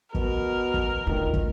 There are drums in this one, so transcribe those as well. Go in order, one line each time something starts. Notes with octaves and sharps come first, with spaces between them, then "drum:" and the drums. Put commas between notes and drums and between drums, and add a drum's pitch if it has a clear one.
B2 A#4, drum: kick
drum: kick
D2 D#3 F4
drum: kick